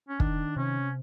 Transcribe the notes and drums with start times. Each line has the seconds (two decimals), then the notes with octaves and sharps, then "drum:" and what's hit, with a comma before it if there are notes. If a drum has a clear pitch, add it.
0.09 C#4
0.20 D#3 D4, drum: kick
0.57 C3 C#4